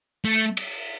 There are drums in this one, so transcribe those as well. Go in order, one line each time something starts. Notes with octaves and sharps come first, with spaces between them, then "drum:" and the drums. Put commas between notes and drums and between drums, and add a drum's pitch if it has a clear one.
A3
drum: cymbal